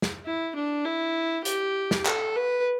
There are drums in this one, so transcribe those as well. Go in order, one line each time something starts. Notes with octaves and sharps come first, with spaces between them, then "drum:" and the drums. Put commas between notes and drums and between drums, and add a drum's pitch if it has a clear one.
drum: snare
E4
D4
E4
G4, drum: hi-hat
drum: snare
A4, drum: clap
B4